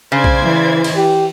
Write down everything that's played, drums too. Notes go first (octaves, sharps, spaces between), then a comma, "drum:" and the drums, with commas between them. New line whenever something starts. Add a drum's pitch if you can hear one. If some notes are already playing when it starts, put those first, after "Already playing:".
C#3 C5 D5 G#6
drum: kick B1
E3
drum: cymbal
G4